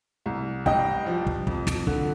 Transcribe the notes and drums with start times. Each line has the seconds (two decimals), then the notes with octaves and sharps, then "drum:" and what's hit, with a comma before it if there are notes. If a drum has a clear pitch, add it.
0.26 C2
0.66 G2 D#5 G5, drum: kick
1.06 F3
1.27 drum: kick
1.47 F2, drum: kick
1.67 drum: snare
1.87 D3, drum: kick